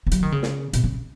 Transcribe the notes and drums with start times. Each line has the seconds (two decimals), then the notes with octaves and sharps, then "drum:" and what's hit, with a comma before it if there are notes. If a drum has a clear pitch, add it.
0.07 F3
0.11 F#3, drum: hi-hat
0.23 D#3
0.32 C#3
0.43 drum: snare
0.73 B2, drum: hi-hat
0.84 C#3